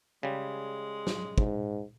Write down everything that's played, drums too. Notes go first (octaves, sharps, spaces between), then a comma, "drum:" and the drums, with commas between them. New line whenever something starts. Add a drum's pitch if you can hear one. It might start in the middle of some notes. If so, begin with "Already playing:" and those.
C#3 G3 G#3
drum: snare
G#2, drum: kick